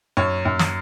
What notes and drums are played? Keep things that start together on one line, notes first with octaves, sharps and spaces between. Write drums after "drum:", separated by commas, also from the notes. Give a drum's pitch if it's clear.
F#2 C#5
F#2
drum: snare